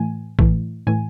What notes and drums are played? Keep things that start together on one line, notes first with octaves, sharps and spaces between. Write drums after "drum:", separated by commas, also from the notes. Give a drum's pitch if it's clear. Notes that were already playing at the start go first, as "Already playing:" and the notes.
Already playing: A2 E3 A3 G#5
A2 E3 A3, drum: kick
A2 E3 A3 G#5